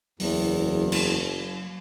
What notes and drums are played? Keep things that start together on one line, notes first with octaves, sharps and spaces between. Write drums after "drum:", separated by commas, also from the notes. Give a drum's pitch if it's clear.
F#1 E2 F#3, drum: open hi-hat
drum: cymbal